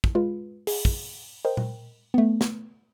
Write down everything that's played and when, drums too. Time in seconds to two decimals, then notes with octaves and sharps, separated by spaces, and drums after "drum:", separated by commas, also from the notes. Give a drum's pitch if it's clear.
0.04 drum: kick
0.15 G#3 F4 B4
0.67 G#4, drum: open hi-hat
0.85 drum: kick
1.45 A#4 C5 D#5 G5
1.57 drum: tom A#2
2.14 A3 B3
2.41 drum: snare